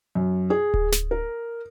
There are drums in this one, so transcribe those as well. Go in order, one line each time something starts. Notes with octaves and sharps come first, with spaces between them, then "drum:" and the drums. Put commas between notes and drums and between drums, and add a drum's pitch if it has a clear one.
F#2
G#4
drum: kick D1
drum: snare
A#4